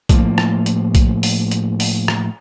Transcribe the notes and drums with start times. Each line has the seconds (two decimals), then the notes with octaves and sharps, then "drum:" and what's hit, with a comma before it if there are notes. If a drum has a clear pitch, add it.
0.09 A2 F3 A#3, drum: kick, hi-hat
0.38 drum: rim click
0.66 drum: hi-hat
0.95 drum: kick, hi-hat
1.23 drum: open hi-hat
1.51 drum: hi-hat
1.80 drum: open hi-hat
2.08 drum: rim click